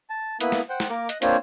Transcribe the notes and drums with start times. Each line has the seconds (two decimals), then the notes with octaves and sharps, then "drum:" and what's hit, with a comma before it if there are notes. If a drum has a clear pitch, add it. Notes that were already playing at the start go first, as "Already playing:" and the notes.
0.10 A5
0.41 A#3 B3 E4 B5 D#6 F#6, drum: hi-hat
0.52 drum: snare
0.69 C5 F#5 G5
0.80 drum: snare
0.89 A#3 A#4 D6
1.09 D#5 D#6 F#6, drum: hi-hat
1.22 A#3 C4 D4 F4 C5 C#5, drum: hi-hat